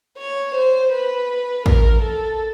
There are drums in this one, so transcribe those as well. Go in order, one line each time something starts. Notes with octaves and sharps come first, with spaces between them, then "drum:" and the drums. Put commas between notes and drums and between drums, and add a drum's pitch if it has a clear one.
C#5
C5
B4
A#4, drum: kick
A4